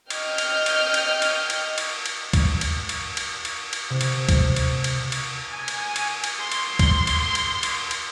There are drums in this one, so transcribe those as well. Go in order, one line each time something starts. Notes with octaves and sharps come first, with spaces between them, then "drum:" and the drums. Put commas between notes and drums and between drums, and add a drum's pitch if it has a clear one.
D#5 G5 F6 G6, drum: cymbal
drum: cymbal
drum: cymbal
drum: cymbal
drum: cymbal
drum: cymbal
drum: cymbal
drum: cymbal
drum: kick C#2, cymbal
drum: cymbal
drum: cymbal
drum: cymbal
drum: cymbal
drum: cymbal
C3
drum: cymbal
drum: kick C#2, cymbal
drum: cymbal
drum: cymbal
drum: cymbal
G#5
drum: cymbal
drum: cymbal
drum: cymbal
C6
drum: cymbal
drum: kick C#2, cymbal
drum: cymbal
drum: cymbal
drum: cymbal
drum: cymbal